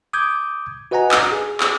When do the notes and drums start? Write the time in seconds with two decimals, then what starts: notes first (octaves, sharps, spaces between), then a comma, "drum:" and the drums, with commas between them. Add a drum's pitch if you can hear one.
0.13 D6 D#6 G6 G#6
0.91 F#4 B4 D#5 F#5 G#5 A#5
1.11 drum: clap
1.32 G#4
1.60 drum: clap